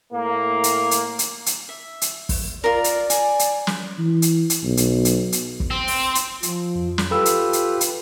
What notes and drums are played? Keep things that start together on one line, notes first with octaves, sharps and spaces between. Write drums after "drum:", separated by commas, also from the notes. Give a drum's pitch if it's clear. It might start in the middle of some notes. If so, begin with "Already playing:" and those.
A2 A#3
drum: hi-hat
drum: hi-hat
drum: hi-hat
drum: hi-hat
E5
drum: hi-hat
drum: kick, open hi-hat
F4 A#4 D5
drum: hi-hat
G#5, drum: hi-hat
drum: hi-hat
drum: snare
E3
drum: hi-hat
drum: hi-hat
B1
drum: hi-hat
drum: hi-hat
drum: hi-hat
drum: kick
C4
drum: open hi-hat
drum: hi-hat
F3, drum: hi-hat
F2
drum: snare
F4 G4 A4 B4 B5 E6
drum: hi-hat
drum: hi-hat
drum: hi-hat